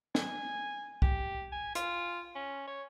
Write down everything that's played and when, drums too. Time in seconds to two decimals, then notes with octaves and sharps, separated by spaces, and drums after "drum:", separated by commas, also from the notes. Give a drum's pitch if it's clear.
0.15 G#5, drum: snare
1.02 G4, drum: kick C2
1.52 G#5
1.75 F4, drum: hi-hat
2.35 C#4
2.67 C#5